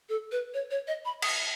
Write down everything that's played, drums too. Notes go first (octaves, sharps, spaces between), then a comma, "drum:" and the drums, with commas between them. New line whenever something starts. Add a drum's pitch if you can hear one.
A4
B4
C#5
C#5
D#5
B5
D#6, drum: cymbal